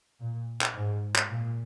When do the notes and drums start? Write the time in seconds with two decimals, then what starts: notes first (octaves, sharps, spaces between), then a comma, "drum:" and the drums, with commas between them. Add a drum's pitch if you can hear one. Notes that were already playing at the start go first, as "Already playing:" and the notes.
0.20 A#2
0.61 drum: clap
0.74 G#2
1.16 drum: clap
1.30 A#2